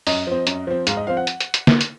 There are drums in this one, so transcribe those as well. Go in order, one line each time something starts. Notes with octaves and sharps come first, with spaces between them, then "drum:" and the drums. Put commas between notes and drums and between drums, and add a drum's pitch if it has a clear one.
F#2 D#5, drum: open hi-hat
F3 C4
F#2, drum: hi-hat
F3 C4
G#2 F5, drum: hi-hat
D#5
F3 C4 F5
F#5
drum: hi-hat
drum: hi-hat
drum: hi-hat
drum: snare
drum: hi-hat